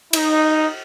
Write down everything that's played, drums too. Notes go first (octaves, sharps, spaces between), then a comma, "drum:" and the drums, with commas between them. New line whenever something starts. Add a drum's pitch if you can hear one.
D#4, drum: cymbal